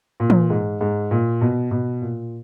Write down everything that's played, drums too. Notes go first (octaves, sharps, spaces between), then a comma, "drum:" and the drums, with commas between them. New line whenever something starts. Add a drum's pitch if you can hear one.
A#2
drum: tom E3
G#2
G#2
A#2
B2
B2
A#2